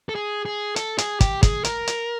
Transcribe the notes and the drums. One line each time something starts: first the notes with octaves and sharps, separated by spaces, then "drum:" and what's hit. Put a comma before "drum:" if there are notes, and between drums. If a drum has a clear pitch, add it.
A4
G#4
G#4
A4, drum: hi-hat
G#4, drum: hi-hat
G4, drum: kick, hi-hat
G#4, drum: kick, hi-hat
A#4, drum: hi-hat
drum: hi-hat